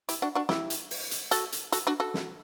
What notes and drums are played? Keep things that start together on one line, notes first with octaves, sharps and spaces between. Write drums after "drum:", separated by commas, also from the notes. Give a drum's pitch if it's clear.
E4 G4, drum: hi-hat
D4 F#4
D4 F#4
E4 G4, drum: snare
drum: hi-hat
drum: open hi-hat
drum: hi-hat
F#4 A4, drum: hi-hat
drum: hi-hat
F#4 A4, drum: hi-hat
D4 F#4
F#4 A4
drum: snare